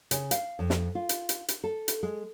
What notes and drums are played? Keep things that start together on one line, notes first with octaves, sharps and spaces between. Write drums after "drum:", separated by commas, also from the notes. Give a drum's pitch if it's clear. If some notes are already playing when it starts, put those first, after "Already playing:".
C#3, drum: hi-hat
F5, drum: hi-hat
F2
drum: snare
F4
drum: hi-hat
drum: hi-hat
drum: hi-hat
A4
drum: hi-hat
G#3